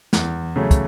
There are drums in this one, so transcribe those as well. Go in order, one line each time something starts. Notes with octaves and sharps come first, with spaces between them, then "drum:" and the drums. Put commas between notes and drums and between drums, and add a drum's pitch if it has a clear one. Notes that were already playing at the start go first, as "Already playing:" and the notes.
E2, drum: snare
C#3 F#3 A3 C#4
drum: kick, hi-hat